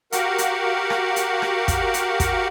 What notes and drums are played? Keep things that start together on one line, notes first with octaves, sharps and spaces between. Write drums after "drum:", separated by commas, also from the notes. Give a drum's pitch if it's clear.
F#4 G4 A#4 F5 F#5, drum: hi-hat
drum: hi-hat
drum: rim click
drum: hi-hat
drum: rim click
drum: kick, hi-hat
drum: hi-hat
drum: kick, hi-hat